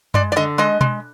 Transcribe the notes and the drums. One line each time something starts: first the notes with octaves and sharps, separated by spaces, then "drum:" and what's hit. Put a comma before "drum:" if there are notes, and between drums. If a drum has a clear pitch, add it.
G#3 D5, drum: tom F#2
D5
D3 D#5
G#3 D#5
G#3, drum: tom B2